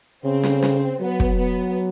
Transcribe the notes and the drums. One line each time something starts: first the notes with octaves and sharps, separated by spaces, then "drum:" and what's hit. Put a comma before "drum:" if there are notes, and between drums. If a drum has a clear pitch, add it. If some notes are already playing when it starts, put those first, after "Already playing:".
C#3 C4
drum: snare
drum: snare
F#3 B3
drum: kick
B3